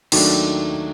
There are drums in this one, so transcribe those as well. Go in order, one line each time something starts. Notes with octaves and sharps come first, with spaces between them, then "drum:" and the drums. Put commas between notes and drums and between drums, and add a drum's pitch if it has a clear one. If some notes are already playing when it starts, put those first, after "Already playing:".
D#2 D#3 F#3 A3 D4, drum: cymbal